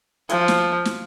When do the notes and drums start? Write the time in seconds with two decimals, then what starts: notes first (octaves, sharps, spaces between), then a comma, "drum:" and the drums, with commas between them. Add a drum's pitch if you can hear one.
0.29 F3, drum: hi-hat
0.48 drum: snare
0.85 drum: snare